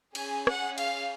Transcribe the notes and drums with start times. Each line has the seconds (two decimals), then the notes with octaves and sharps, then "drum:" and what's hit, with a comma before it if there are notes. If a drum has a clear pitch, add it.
0.15 C#4 G#4 G#5, drum: cymbal
0.47 F#5, drum: rim click
0.78 F5, drum: cymbal